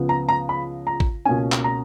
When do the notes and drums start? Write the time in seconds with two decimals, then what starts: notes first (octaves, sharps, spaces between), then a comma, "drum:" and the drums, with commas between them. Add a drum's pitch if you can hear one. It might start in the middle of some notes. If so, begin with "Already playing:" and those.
Already playing: C#2 C#3 F3 B3
0.09 A#5
0.29 A#5
0.49 B5
0.87 A#5
1.00 drum: kick
1.25 C#2 B2 A#3 C#4 G#5
1.52 drum: clap
1.64 A#5